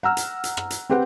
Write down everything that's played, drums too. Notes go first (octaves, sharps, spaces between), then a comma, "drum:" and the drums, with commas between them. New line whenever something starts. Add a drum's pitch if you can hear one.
F#5 A#5 E6 F6
drum: hi-hat
drum: hi-hat
drum: rim click
drum: hi-hat
C4 G4 B4 F#5 G5